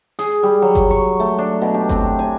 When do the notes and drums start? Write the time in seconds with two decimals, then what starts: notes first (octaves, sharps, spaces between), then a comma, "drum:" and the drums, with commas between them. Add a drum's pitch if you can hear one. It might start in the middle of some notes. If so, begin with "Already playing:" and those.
0.19 G#4, drum: open hi-hat
0.43 G3
0.62 F#3
0.75 drum: kick G1, hi-hat
0.91 C#6
1.20 A3
1.39 D4
1.62 B2
1.74 G4
1.89 C4, drum: kick G1, hi-hat
2.19 G#5